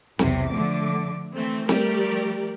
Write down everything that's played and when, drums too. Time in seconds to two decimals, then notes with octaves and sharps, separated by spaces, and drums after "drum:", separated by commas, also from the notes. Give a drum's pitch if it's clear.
0.19 B1 E2 C3, drum: snare
0.49 D3 F3 A3 D6
1.36 E3 A3 C4
1.69 F3 G3 A3 G4 A#4 D5, drum: snare